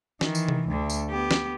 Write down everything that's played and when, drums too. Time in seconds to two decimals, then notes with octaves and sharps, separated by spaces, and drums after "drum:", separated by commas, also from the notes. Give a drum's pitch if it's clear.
0.21 D#3 E3, drum: snare
0.35 drum: tambourine
0.48 drum: tom C3
0.68 D2 D3
0.90 drum: tambourine
1.09 B3 G4
1.31 drum: snare